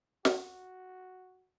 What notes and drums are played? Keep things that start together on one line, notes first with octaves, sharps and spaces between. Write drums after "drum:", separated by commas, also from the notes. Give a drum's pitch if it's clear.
F#4, drum: snare